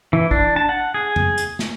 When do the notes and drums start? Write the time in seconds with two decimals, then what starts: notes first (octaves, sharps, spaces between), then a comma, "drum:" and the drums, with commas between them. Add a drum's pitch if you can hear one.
0.13 E3
0.31 D4, drum: kick
0.56 A5
0.69 F#5
0.94 G#4
1.16 drum: tom F2
1.38 drum: hi-hat
1.59 drum: snare